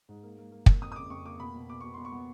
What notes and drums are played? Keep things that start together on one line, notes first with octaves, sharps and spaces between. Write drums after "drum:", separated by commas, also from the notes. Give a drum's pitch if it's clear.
G#2
A#3
A#3
A#3
A#3, drum: kick
F2 D#6
D#6
C#3 D6
F2 C#6
A#3 D6
B2 B5
B2
B2 D6
B2 C#6
B3 C6
C#6
B3